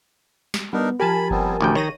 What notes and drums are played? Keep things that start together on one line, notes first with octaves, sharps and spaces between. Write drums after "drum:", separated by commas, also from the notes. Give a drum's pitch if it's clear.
drum: snare
G3 B3 D4 D#4 A#4
F3 G4 A#4 G#5 A5 B5
G3 B3 C4, drum: kick F#1
A1 D2 C#4 G5
D#3 D#4 C#5 A#6 D#7